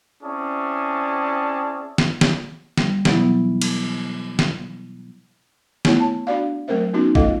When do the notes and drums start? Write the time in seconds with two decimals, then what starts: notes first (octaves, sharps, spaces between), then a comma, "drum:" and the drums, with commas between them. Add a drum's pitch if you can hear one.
0.23 C4 C#4 E4 G#4 D5 A5
1.98 drum: snare
2.21 drum: snare
2.78 G3, drum: snare
3.05 B2 E3 F#3 B3 E4, drum: snare
3.62 drum: cymbal
4.39 drum: snare
5.85 A3 B3 E4 C#5, drum: snare
6.00 A5
6.27 D4 F#4 D5 F5
6.68 F#3 A3 C4 A#4 C5 E5
6.93 B3 C#4 D#4 F#4
7.15 A3 F4 A4 D#5 F5, drum: kick